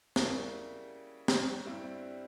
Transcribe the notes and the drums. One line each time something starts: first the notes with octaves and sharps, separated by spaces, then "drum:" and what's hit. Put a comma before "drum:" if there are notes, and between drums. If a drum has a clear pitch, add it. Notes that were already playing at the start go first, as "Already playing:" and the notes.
C#3 G3 A#3 E4, drum: snare
drum: snare
G2 G3 C4 E4